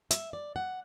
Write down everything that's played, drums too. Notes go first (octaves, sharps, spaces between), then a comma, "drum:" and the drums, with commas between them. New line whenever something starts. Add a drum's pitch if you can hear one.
E5, drum: hi-hat
D5
F#5